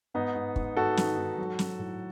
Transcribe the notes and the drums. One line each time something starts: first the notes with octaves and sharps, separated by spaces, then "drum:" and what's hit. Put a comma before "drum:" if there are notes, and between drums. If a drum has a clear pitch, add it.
G#2 B3 D#4
G#2
G#2, drum: kick
G#2 F#4 A4
D#3, drum: snare
G#2
F#3
F#3, drum: snare
A2